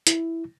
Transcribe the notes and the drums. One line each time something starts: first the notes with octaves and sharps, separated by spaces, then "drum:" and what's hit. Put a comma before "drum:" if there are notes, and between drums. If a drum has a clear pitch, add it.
E4, drum: hi-hat